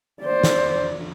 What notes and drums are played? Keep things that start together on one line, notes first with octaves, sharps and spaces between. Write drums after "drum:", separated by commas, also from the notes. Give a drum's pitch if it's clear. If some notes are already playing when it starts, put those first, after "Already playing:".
C5 D5
drum: snare